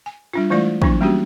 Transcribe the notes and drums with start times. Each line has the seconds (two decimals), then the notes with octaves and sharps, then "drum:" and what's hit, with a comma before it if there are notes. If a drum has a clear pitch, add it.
0.06 G#5
0.33 G3 D4 F4
0.50 E3 G#3 A3 E4 F4 D5
0.82 E3 F#3 B3 D4 E4, drum: kick
1.01 G3 A#3 C#4 D4 F#4 G4